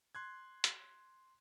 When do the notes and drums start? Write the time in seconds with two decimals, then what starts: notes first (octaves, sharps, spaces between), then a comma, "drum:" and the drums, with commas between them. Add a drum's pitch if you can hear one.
0.15 C6 F#6 G#6
0.64 drum: hi-hat